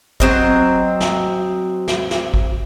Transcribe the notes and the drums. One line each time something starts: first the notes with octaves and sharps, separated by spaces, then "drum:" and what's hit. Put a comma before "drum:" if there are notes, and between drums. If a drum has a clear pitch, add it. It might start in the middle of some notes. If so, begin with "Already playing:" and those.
F#3 C4 D#5, drum: kick G#1
drum: snare
drum: snare
drum: snare
drum: kick G#1